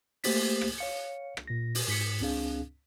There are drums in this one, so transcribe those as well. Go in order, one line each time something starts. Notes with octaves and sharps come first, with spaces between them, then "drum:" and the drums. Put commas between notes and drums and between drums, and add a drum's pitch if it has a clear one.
A3 A#3 G4 C5 A6 B6, drum: open hi-hat
drum: rim click
C#5 F5 C#7
drum: rim click
A#2 A#6
drum: open hi-hat
G#2 B6 C#7
C#2 C4 D4 G#4 F5